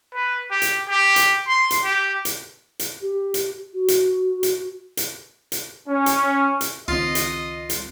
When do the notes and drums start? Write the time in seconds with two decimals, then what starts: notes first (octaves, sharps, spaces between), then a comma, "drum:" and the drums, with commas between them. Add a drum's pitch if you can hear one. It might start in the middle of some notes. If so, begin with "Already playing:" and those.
0.14 B4
0.51 G4
0.62 drum: hi-hat
0.89 G4
1.16 drum: hi-hat
1.48 C6
1.71 drum: hi-hat
1.84 G4
2.25 drum: hi-hat
2.79 drum: hi-hat
3.02 G4
3.34 drum: hi-hat
3.74 F#4
3.88 drum: hi-hat
4.43 drum: hi-hat
4.97 drum: hi-hat
5.52 drum: hi-hat
5.88 C#4
6.06 drum: hi-hat
6.61 drum: hi-hat
6.88 C#2 D#3 C4 F4 D#5
7.15 drum: hi-hat
7.70 drum: hi-hat